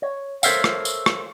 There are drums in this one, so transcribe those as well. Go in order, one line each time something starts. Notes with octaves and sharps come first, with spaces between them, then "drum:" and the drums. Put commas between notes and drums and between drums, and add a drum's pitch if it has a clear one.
C#5
A4 A#4 C5 C#5 E5 F5, drum: tambourine
drum: rim click
drum: tambourine
drum: rim click